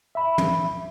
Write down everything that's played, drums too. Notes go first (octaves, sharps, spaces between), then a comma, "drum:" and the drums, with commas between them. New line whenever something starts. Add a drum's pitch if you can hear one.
E5 B5
drum: tom